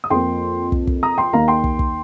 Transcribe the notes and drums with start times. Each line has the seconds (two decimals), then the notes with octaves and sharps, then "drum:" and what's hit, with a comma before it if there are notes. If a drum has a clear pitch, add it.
0.04 D#6
0.10 F2 F3 A#3 G5 C6
0.72 drum: kick
0.87 drum: kick
1.03 A#5 D#6
1.18 G5 C6
1.33 D#2 D#3 A#3 F5 A#5
1.48 G5 C6
1.64 drum: kick
1.79 drum: kick